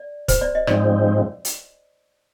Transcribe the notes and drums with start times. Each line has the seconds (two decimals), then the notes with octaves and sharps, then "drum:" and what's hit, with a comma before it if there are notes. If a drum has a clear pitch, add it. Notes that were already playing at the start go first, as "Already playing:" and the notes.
Already playing: D5
0.28 C5, drum: kick, hi-hat
0.41 D5
0.55 D#5
0.67 G#2 F3 G#3 C4 D5, drum: rim click
1.45 drum: hi-hat